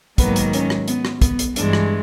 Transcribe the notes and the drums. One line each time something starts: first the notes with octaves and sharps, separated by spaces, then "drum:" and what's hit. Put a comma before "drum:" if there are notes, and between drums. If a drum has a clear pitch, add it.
G#2 D#3 F#3 A#3 B3, drum: kick, hi-hat
drum: hi-hat
C#4, drum: hi-hat
drum: rim click
B3, drum: hi-hat
drum: rim click
B3, drum: kick, hi-hat
drum: hi-hat
G2 E3 G#3 D4, drum: hi-hat
drum: rim click